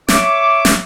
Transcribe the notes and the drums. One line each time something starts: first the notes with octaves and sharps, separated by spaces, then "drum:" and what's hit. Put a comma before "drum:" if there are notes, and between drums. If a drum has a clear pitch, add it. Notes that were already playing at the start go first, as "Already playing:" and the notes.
C#5 E5 C#6 D6, drum: snare
drum: snare